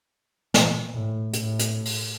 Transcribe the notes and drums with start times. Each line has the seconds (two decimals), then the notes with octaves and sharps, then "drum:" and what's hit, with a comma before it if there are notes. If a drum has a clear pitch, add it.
0.54 A#2, drum: snare
0.94 A2
1.33 A2, drum: hi-hat
1.59 drum: hi-hat
1.85 drum: open hi-hat